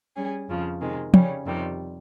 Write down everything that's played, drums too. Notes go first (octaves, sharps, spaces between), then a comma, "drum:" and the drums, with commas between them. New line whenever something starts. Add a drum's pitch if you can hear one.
G3 C#4 G#4
F2 C#3 F3
C3 D#3 G#3
C#3 G3 C#4, drum: tom
F2 C3 D#3 G3